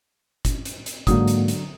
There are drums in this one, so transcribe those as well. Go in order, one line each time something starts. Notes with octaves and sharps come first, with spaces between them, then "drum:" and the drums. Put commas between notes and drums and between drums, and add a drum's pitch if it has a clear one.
drum: kick F#1, hi-hat
drum: hi-hat
drum: hi-hat
G#2 D3 F#3 G#3 A#3 D#6, drum: kick F#1, hi-hat
drum: hi-hat
drum: hi-hat